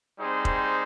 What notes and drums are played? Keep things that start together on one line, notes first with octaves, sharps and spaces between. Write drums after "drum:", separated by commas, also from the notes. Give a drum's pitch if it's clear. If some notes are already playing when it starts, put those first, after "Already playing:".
G3 C4 D#4 G#4 C5
drum: kick